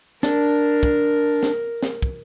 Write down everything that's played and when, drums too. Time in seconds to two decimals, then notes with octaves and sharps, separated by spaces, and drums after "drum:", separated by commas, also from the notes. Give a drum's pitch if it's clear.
0.23 D4 A#4, drum: snare
0.83 drum: kick
1.43 drum: snare
1.83 drum: snare
2.02 drum: kick